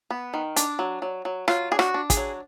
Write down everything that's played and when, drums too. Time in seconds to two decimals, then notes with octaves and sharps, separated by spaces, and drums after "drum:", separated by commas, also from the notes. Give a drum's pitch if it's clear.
0.10 B3
0.34 D#3
0.56 D4, drum: hi-hat
0.79 F#3
1.02 F#3
1.25 F#3
1.48 F#3 F4, drum: rim click
1.71 D4 G#4
1.79 F#4, drum: rim click
1.94 D4
2.10 G#4, drum: kick, hi-hat
2.17 F#3